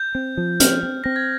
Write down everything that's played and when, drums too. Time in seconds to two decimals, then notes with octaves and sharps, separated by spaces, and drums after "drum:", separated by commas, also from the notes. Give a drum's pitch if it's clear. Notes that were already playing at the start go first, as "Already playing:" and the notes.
Already playing: G6
0.15 C4
0.37 F3
0.60 C4 F6, drum: hi-hat
0.83 C4
1.04 C4 A#6
1.16 G#6